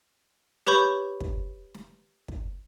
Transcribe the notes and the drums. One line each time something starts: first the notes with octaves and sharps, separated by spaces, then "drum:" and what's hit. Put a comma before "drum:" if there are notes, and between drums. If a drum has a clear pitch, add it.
G4 B4 C#5 B5 C#6 G6, drum: snare
drum: kick
drum: snare
drum: kick